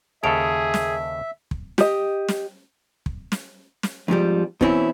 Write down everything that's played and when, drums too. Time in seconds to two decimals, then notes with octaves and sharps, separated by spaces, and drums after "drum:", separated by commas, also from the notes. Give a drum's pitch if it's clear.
0.23 D#2 C#3 G#4 A4 E5 A5 D7 F7
0.74 drum: snare
1.51 drum: kick
1.78 G4 D#5, drum: snare
2.29 drum: snare
3.06 drum: kick
3.32 drum: snare
3.83 drum: snare
4.08 F2 G#2 F3 G3
4.61 B2 E3 C4 C#4 E4, drum: kick